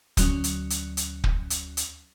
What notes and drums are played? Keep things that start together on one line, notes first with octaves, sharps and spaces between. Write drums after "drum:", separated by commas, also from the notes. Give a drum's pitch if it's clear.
D2 F#3 C#4, drum: kick, hi-hat
drum: hi-hat
drum: hi-hat
drum: hi-hat
drum: kick
drum: hi-hat
drum: hi-hat